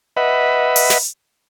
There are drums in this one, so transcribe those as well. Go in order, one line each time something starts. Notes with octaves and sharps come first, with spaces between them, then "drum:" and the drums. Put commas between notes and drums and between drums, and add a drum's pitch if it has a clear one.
B4 D#5 E5 F#5 B5
drum: open hi-hat
drum: snare